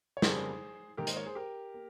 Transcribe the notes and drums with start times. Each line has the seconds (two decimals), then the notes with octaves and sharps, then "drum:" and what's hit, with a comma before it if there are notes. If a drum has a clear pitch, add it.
0.17 C#5
0.22 F2 C#3 G3 A#3 G#4 C5, drum: snare
0.97 G#2 D#3 A#3 G4 A#4
1.07 C5 D#5, drum: hi-hat
1.16 A#4 C#5
1.26 G#4 C5
1.35 G4 A#4
1.74 A#3